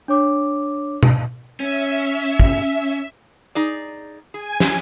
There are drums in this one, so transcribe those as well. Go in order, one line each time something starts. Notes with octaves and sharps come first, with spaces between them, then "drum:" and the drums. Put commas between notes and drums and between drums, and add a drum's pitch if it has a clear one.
D4 C#5 D6
drum: tom B2
C#4 E5
drum: kick
D#4 G#4 D5
G#4 G#5
drum: snare